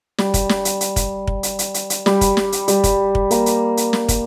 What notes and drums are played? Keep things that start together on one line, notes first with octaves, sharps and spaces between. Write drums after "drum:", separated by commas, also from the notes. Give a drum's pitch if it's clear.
G3, drum: snare
drum: kick, hi-hat
drum: snare
drum: hi-hat
drum: hi-hat
drum: kick, hi-hat
drum: kick
drum: hi-hat
drum: hi-hat
drum: hi-hat
drum: hi-hat
G3, drum: snare
drum: kick, hi-hat
drum: snare
drum: hi-hat
G3, drum: hi-hat
drum: kick, hi-hat
drum: kick
A#3, drum: hi-hat
drum: hi-hat
drum: hi-hat
drum: snare
drum: kick, hi-hat